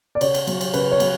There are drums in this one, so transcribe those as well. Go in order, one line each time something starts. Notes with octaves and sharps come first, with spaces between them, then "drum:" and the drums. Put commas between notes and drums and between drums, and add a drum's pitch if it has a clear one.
D5
C#3 C#5, drum: cymbal
drum: cymbal
F#3, drum: cymbal
drum: cymbal
C#3 B4, drum: cymbal
C#5
F#3, drum: cymbal